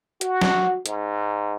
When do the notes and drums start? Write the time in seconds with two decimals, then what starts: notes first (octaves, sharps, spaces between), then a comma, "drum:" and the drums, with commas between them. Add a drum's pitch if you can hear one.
0.21 F#4, drum: hi-hat
0.41 drum: snare
0.86 G#2, drum: hi-hat